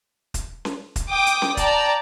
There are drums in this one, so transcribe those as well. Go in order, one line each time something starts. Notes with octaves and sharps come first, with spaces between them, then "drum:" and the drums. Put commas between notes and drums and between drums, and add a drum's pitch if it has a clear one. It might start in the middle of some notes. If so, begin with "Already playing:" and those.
drum: kick, hi-hat
drum: snare C#4
drum: kick, hi-hat
G5 D6 D#6
drum: hi-hat
drum: snare C#4
D5 G5 A5 A#5, drum: kick, hi-hat